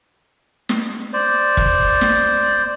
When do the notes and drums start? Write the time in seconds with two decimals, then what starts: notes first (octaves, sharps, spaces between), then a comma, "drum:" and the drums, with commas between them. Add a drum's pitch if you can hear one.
0.69 drum: snare
1.13 C5 D5
1.57 drum: kick
2.01 drum: snare